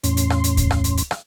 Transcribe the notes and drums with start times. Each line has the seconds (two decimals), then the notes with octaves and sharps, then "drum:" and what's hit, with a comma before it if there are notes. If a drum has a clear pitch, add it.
0.03 E2 A2 C#4 C6, drum: hi-hat
0.17 drum: hi-hat
0.30 drum: rim click
0.44 drum: hi-hat
0.57 drum: kick C#2, hi-hat
0.71 drum: rim click
0.84 drum: hi-hat
0.97 drum: hi-hat
1.11 drum: rim click